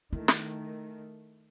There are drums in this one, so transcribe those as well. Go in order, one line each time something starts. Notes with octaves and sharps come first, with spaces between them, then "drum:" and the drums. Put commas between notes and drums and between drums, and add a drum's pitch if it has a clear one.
D#3 A3 E4
drum: snare